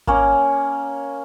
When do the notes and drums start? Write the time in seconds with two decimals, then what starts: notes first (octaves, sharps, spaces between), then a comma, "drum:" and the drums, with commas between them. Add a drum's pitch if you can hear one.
0.07 A#3 C#4 C#5, drum: kick G#1